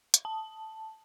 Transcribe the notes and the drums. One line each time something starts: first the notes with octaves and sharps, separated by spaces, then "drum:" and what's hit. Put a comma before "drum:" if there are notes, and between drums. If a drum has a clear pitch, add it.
drum: hi-hat
A5